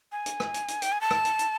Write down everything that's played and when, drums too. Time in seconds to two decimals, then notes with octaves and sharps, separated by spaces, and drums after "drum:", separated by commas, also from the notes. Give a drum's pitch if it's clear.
0.12 G#5
0.26 drum: hi-hat
0.40 drum: rim click
0.54 drum: hi-hat
0.68 drum: hi-hat
0.82 G5, drum: hi-hat
0.92 G#5
1.01 A5
1.11 drum: rim click
1.25 drum: hi-hat
1.39 drum: hi-hat